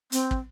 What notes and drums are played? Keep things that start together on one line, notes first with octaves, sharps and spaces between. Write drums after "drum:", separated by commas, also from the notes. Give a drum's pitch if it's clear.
C4, drum: hi-hat
drum: kick